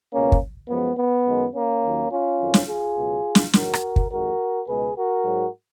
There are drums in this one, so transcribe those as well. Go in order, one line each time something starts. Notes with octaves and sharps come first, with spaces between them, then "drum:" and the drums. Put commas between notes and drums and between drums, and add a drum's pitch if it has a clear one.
C#2 B2 G#3 A#3 C#4
drum: kick
F#2 F3 G#3 B3
B3
F#2 D#3 G#3
A#3 C#4
D#2 D#3 F#3
C#4 F4
F2 D#3 F#3
drum: snare
F4 G#4
C#2 B2 F#3
drum: snare
G#2 D#3 F#3 F#4 A#4, drum: snare
drum: rim click
drum: kick
F2 D#3 G#3 F#4 A#4
C#2 B2 G#3 G#4 B4
F#4 A#4
G#2 F#3